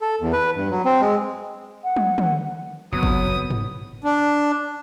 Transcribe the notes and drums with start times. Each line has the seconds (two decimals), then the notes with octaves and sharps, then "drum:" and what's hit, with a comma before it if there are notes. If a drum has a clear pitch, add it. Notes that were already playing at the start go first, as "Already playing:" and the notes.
0.01 A4
0.21 E2
0.33 B4
0.56 G2
0.71 F#3
0.85 C4
1.01 G#3
1.84 F#5
1.96 drum: tom
2.18 drum: tom
2.93 F#1 F2 F#3 B3 D#6
3.03 drum: kick
3.50 drum: tom
4.04 D4